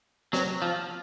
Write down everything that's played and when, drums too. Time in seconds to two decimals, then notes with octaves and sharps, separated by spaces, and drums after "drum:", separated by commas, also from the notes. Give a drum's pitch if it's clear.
0.33 F#3, drum: snare
0.62 F3